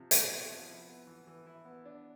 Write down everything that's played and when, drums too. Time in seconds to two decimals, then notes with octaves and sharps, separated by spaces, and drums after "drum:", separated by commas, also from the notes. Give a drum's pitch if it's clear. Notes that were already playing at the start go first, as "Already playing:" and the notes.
Already playing: C3 F3
0.11 C3, drum: hi-hat
0.31 B3
0.50 F3
0.69 E4
0.89 B3
1.07 E3
1.27 E3
1.46 E4
1.65 B3
1.85 D4